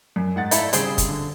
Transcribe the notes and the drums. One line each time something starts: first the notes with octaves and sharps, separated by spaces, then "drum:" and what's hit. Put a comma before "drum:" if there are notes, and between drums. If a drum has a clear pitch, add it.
F#2
G#2 F#5 A6
A3 E4 A4 D5 F5, drum: hi-hat
C#3 G3 C4 G#4 C5, drum: hi-hat
drum: kick, hi-hat
D3